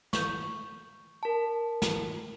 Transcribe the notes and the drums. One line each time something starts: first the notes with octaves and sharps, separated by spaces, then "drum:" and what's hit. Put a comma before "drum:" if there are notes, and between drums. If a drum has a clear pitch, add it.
C#6 G6, drum: snare
A#4 A5
drum: snare